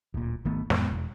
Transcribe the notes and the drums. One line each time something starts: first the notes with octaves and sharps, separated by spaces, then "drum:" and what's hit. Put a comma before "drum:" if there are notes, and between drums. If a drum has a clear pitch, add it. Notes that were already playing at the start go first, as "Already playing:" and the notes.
D1 A#2
G#1 D#3 A3 B3
F2 A2 G#3 B3, drum: snare
E1